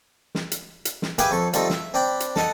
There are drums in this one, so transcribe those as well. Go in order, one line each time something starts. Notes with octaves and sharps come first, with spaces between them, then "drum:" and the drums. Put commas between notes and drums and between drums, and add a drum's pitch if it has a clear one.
drum: snare
drum: hi-hat
drum: hi-hat
drum: snare
G4 G#4 B4 E5 F5 G5, drum: hi-hat
F2 A4 C#6
F3 G3 A3 C4 D#4, drum: hi-hat
E5, drum: snare
C4 D4 G5 B5
drum: hi-hat
A4 D#5 F#5, drum: snare